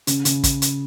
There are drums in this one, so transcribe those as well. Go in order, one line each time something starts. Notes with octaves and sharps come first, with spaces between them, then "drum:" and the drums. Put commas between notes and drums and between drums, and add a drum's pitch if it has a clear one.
C#3, drum: hi-hat
C#3, drum: hi-hat
drum: kick, hi-hat
drum: hi-hat